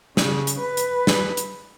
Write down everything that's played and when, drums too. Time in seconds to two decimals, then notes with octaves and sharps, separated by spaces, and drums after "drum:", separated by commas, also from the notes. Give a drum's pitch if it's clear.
0.17 C#3, drum: snare
0.47 drum: hi-hat
0.60 B4
0.77 drum: hi-hat
1.07 drum: snare
1.37 drum: hi-hat